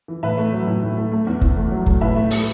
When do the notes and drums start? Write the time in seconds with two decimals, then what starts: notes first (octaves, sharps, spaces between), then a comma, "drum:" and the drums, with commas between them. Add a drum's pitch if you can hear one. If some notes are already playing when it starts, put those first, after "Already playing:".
0.08 E3
0.23 A2 B4 E5
0.38 A3
0.53 F#3
0.67 A2
0.83 A2
0.97 A3
1.12 A3
1.27 E2
1.41 E2, drum: kick
1.57 A3
1.72 F#3
1.86 A3, drum: kick
2.01 A2 B4 E5
2.16 A3
2.31 A3, drum: open hi-hat